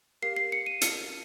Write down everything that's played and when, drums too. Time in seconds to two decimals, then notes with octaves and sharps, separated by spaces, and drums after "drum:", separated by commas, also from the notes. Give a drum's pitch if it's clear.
0.22 G4 A#4 F5 C7
0.36 C7
0.52 C#7
0.66 D#7
0.81 C#7, drum: hi-hat